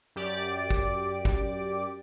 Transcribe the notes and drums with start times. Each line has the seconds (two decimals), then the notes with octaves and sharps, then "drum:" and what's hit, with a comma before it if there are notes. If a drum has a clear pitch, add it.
0.16 F#2 G4 D5 D6
0.71 drum: kick
1.25 drum: kick